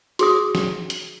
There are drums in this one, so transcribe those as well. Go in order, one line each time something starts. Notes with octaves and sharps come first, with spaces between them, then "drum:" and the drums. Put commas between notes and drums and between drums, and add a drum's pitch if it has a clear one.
F#4 G#4 D#6, drum: hi-hat
drum: snare
drum: hi-hat